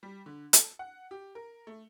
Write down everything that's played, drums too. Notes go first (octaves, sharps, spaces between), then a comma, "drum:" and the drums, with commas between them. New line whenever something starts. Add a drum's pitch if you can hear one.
G3
D3
A4, drum: hi-hat
F#5
G4
A#4
A3